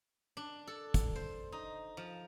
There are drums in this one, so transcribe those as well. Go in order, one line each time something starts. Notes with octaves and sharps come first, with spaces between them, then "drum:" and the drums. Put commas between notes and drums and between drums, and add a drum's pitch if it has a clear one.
D4
A4
drum: kick, hi-hat
C5
D#4
F3